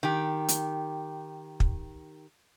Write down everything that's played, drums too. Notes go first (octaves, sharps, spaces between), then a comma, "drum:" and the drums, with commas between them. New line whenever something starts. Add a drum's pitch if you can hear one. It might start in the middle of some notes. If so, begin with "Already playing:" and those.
D#3 G4
drum: hi-hat
drum: kick